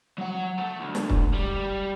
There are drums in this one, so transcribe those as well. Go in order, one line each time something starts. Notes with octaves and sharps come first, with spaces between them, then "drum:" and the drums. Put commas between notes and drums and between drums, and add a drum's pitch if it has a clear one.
F#3 F#5
A3
D2
drum: snare
drum: kick
G3